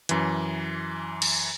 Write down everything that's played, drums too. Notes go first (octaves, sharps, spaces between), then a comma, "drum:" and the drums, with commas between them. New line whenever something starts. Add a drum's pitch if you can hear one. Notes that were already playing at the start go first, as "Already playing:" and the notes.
F#2 E3, drum: hi-hat
drum: cymbal